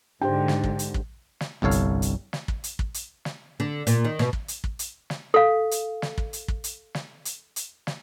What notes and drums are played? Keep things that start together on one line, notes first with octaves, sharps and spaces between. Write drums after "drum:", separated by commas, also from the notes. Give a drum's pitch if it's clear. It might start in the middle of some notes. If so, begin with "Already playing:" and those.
G#2 D3 D4 G4 C5 G5
drum: snare
drum: kick
drum: hi-hat
drum: kick
drum: snare
G1 C2 A4 C#5 F5
drum: hi-hat
drum: hi-hat
drum: snare
drum: kick
drum: hi-hat
drum: kick
drum: hi-hat
drum: snare
D3
A#2, drum: hi-hat
D#3
B2, drum: snare
drum: kick
drum: hi-hat
drum: kick
drum: hi-hat
drum: snare
A4 F5
drum: hi-hat
drum: snare
drum: kick
drum: hi-hat
drum: kick
drum: hi-hat
drum: snare
drum: hi-hat
drum: hi-hat
drum: snare